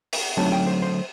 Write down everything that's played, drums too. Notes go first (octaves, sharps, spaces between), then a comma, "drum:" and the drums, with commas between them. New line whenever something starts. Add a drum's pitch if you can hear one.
drum: open hi-hat
D3 F#3 A3 C4 D#4 A5
G5
C5
C5